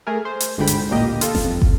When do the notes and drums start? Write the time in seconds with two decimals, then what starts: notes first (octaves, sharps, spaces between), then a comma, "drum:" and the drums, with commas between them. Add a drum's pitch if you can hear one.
0.07 A3 G#4 A#4
0.25 C5
0.40 drum: hi-hat
0.58 G1 D2 G#2 D3 G5 B5
0.67 drum: hi-hat
0.90 A1 D2 A#2 A#3 G4 D#5
1.21 F4 A4, drum: hi-hat
1.35 drum: snare F#1
1.44 F2
1.62 drum: kick